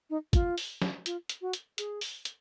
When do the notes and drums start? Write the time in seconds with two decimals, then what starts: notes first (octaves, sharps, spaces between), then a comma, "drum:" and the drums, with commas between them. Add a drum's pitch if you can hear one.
0.10 D#4
0.33 F4, drum: kick, hi-hat
0.58 drum: open hi-hat
0.82 drum: snare
1.06 F4, drum: hi-hat
1.29 drum: hi-hat
1.41 F#4
1.53 drum: hi-hat
1.78 G#4, drum: hi-hat
2.01 drum: open hi-hat
2.25 drum: hi-hat